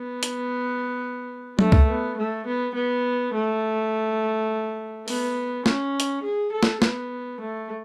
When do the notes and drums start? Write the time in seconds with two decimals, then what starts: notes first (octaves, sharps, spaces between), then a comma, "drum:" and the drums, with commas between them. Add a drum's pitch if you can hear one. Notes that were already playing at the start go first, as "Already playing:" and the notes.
Already playing: B3
0.23 drum: hi-hat
1.59 A3, drum: tom F#3
1.72 drum: kick C#2
1.89 B3
2.17 A3
2.46 B3
2.75 B3
3.34 A3
5.08 B3, drum: open hi-hat
5.66 C#4, drum: snare
6.00 drum: hi-hat
6.23 G#4
6.52 A4
6.63 drum: snare
6.82 B3, drum: snare
7.40 A3